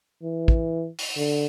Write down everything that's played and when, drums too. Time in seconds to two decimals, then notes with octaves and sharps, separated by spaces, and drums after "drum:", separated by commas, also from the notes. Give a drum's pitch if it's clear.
0.23 E3
0.48 drum: kick
0.99 drum: open hi-hat
1.17 D3